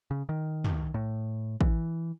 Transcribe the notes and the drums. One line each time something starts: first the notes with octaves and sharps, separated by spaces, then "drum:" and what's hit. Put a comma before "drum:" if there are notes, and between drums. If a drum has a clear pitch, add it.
C#3
D#3
drum: tom
A2
E3, drum: kick